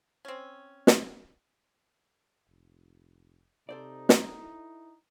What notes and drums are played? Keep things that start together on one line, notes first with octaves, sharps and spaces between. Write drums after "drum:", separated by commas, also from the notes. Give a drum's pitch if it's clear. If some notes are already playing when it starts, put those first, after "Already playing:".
C4 C#4
drum: snare
F1
C3 D#4 A4 C5 D5
drum: snare
E4